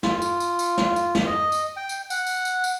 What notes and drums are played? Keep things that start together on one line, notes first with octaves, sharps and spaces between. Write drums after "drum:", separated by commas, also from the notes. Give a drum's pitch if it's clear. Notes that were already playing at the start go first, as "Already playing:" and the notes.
F4, drum: snare
drum: tambourine
drum: tambourine
drum: tambourine
drum: snare
drum: tambourine
drum: snare
D#5
drum: tambourine
G5
drum: tambourine
F#5, drum: tambourine
drum: tambourine
drum: tambourine
drum: tambourine